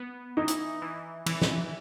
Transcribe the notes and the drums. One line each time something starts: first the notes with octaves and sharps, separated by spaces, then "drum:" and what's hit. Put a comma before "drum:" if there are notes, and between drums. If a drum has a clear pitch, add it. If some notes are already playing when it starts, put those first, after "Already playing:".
Already playing: B3
E3 D#4
drum: hi-hat
E3
E3, drum: cymbal
drum: snare